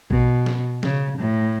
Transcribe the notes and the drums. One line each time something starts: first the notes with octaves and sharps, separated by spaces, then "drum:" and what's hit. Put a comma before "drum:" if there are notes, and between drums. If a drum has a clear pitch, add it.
B2, drum: kick
drum: snare
C#3, drum: snare
A2